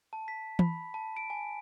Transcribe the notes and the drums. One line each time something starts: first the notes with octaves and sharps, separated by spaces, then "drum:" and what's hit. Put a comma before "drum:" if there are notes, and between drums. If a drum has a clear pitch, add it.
A5
B6
B5, drum: tom E3
A5
D7
G#5